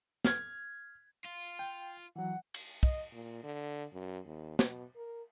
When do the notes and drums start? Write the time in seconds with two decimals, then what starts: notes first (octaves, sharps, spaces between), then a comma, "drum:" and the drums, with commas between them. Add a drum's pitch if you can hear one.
0.25 F6 G#6, drum: snare
1.26 F4
1.59 G5
2.16 E3 F#3 F#5
2.54 drum: cymbal
2.83 D#5, drum: kick
3.13 A#2
3.43 D3
3.93 F#2
4.25 D#2
4.59 B2, drum: snare
4.96 A#4